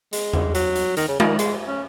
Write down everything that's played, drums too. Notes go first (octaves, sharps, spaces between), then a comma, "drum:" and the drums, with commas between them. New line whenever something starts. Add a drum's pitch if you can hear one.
G#3, drum: hi-hat
drum: tom E2
F#3, drum: hi-hat
drum: hi-hat
D#3, drum: hi-hat
C#3
D#3, drum: tom
G#3, drum: hi-hat
C#4